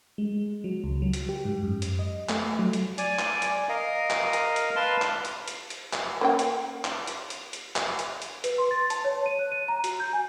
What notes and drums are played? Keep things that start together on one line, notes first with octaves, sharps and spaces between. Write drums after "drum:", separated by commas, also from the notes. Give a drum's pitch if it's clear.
G#3
F#3
C#2
F#3
drum: hi-hat
G4
G#2
F#2
drum: hi-hat
D#5
A3, drum: clap
F#3
drum: hi-hat
D5 G#5, drum: hi-hat
drum: clap
drum: hi-hat
A#4 D#5 F5
drum: clap
drum: hi-hat
drum: hi-hat
B4 F5 A5 C6
drum: clap
drum: hi-hat
drum: hi-hat
drum: hi-hat
drum: clap
A#3 C#4 G5
drum: hi-hat
drum: clap
drum: hi-hat
drum: hi-hat
drum: hi-hat
drum: clap
drum: hi-hat
drum: hi-hat
B4, drum: hi-hat
C6
A6
A5, drum: hi-hat
C#5
D#7
F#6
D#7
A#5
F#4, drum: hi-hat
G6
G#5